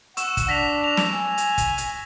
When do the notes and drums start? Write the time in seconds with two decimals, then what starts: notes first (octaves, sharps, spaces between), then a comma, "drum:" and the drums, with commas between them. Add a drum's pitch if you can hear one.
0.17 F#5 C#6 E6 E7, drum: hi-hat
0.37 drum: kick, hi-hat
0.48 D4 A#6 B6 F7
0.84 F7
0.97 drum: snare
1.13 G#5
1.38 drum: hi-hat
1.58 drum: kick, hi-hat
1.78 drum: hi-hat